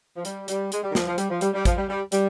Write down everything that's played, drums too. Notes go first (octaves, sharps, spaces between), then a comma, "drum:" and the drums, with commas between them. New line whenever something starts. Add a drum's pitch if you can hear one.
F3
G3, drum: hi-hat
G3, drum: hi-hat
G#3, drum: hi-hat
G3
D#3
F3, drum: snare
F3
G3, drum: hi-hat
F3
G3, drum: hi-hat
G3
F3, drum: kick, hi-hat
G3
G3
G3, drum: hi-hat